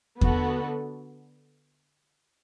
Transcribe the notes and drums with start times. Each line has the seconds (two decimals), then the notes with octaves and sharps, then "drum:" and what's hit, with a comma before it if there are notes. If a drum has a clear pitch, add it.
0.21 D3 B3 F#4 A4, drum: kick E2